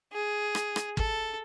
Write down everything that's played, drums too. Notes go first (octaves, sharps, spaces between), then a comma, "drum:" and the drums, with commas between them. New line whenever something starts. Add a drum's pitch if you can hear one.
G#4
drum: rim click
drum: rim click
A4, drum: kick